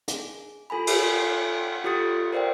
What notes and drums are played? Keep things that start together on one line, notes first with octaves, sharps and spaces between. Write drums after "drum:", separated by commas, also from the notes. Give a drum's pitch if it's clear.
G#4, drum: hi-hat
F4 A4 G#5 B5
drum: cymbal
F4 G4 A4 D#6 A6 C#7
A#4 C5 D5 F5 G5